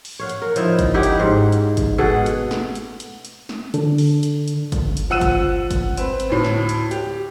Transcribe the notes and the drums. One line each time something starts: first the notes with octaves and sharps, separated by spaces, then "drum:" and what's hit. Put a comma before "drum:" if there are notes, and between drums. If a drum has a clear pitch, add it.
drum: open hi-hat
C#5 F5 F#5
drum: hi-hat
A#4
F3 D#4 E4, drum: hi-hat
drum: kick, hi-hat
D#4 E4 G4 F#5
drum: hi-hat
G#2
drum: hi-hat
drum: kick, hi-hat
B2 G#4 A4 F#5
drum: hi-hat
drum: snare
drum: hi-hat
drum: hi-hat
drum: hi-hat
drum: snare
D3 D4 A4, drum: hi-hat
drum: open hi-hat
drum: hi-hat
drum: hi-hat
drum: kick, hi-hat
drum: hi-hat
F3 F#5 E6 D#7
drum: kick, hi-hat
drum: kick, hi-hat
C4 B4, drum: hi-hat
drum: hi-hat
D2 A2
drum: snare
drum: hi-hat
G4, drum: hi-hat